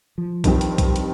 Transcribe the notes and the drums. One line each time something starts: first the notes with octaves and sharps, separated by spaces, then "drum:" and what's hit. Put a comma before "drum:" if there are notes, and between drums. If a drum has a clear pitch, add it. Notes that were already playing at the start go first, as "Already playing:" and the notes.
F3
G2 D#3 C4 G4, drum: kick B1, hi-hat
drum: hi-hat
drum: kick B1, hi-hat
drum: hi-hat